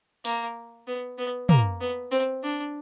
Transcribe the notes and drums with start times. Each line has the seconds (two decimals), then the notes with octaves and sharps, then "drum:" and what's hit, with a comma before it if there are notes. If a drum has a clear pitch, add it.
0.25 A#3, drum: open hi-hat
0.88 B3
1.18 B3
1.49 A#3, drum: tom
1.81 B3
2.11 C4
2.43 D4